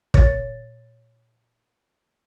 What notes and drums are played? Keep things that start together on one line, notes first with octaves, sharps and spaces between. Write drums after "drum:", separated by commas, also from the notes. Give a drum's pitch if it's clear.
A#2 C#5 A6, drum: kick